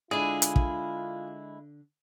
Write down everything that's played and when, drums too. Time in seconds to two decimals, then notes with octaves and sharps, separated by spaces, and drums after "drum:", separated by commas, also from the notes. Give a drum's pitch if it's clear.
0.11 D3 G#3 D4 E4 F4 G#4 D5
0.42 drum: hi-hat
0.56 drum: kick